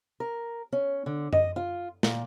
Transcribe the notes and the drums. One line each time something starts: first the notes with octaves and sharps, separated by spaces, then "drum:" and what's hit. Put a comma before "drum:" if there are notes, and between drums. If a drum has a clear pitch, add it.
A#4
C#4
D3
D#5, drum: tom F#2
F4
A#2, drum: snare